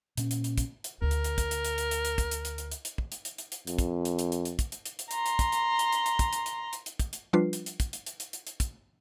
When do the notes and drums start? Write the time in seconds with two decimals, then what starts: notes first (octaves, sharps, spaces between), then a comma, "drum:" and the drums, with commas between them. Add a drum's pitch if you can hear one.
0.17 A#2 C#4, drum: hi-hat
0.31 drum: hi-hat
0.44 drum: hi-hat
0.58 drum: kick, hi-hat
0.84 drum: hi-hat
1.02 D2 D3 A#4
1.11 drum: hi-hat
1.24 drum: hi-hat
1.38 drum: kick, hi-hat
1.51 drum: hi-hat
1.65 drum: hi-hat
1.78 drum: hi-hat
1.91 drum: hi-hat
2.05 drum: hi-hat
2.18 drum: kick, hi-hat
2.31 drum: hi-hat
2.45 drum: hi-hat
2.58 drum: hi-hat
2.72 drum: hi-hat
2.85 drum: hi-hat
2.98 drum: kick
3.12 drum: hi-hat
3.25 drum: hi-hat
3.38 drum: hi-hat
3.52 drum: hi-hat
3.67 F2, drum: hi-hat
3.79 drum: kick, hi-hat
4.05 drum: hi-hat
4.19 drum: hi-hat
4.32 drum: hi-hat
4.45 drum: hi-hat
4.59 drum: kick, hi-hat
4.72 drum: hi-hat
4.86 drum: hi-hat
4.99 drum: hi-hat
5.11 A#5 C6, drum: hi-hat
5.26 drum: hi-hat
5.39 drum: kick, hi-hat
5.52 drum: hi-hat
5.79 drum: hi-hat
5.92 drum: hi-hat
6.06 drum: hi-hat
6.19 drum: kick, hi-hat
6.33 drum: hi-hat
6.46 drum: hi-hat
6.73 drum: hi-hat
6.86 drum: hi-hat
6.99 drum: kick, hi-hat
7.13 drum: hi-hat
7.33 F3 G3 D4 F4 B4 C7
7.53 drum: hi-hat
7.66 drum: hi-hat
7.80 drum: kick, hi-hat
7.93 drum: hi-hat
8.06 drum: hi-hat
8.20 drum: hi-hat
8.33 drum: hi-hat
8.47 drum: hi-hat
8.60 drum: kick, hi-hat